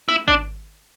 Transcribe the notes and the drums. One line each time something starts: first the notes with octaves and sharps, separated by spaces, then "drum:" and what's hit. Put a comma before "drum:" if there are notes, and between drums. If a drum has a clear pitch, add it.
E4, drum: snare
D4, drum: kick